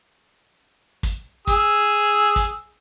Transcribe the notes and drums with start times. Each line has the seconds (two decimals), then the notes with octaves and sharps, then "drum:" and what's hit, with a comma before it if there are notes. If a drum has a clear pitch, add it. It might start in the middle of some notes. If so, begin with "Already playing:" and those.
1.03 drum: kick, hi-hat
1.47 G#4 E6, drum: kick, hi-hat
2.36 drum: kick, hi-hat